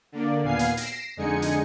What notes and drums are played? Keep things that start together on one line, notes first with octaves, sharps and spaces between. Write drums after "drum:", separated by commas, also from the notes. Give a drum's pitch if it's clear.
D3 A#3 D5
D#2 A#2 B3 F5 G#5 C7
drum: hi-hat
A#6 C7 D7 E7, drum: hi-hat
F2 D3 G#3 D#4 G#5 C#7
drum: hi-hat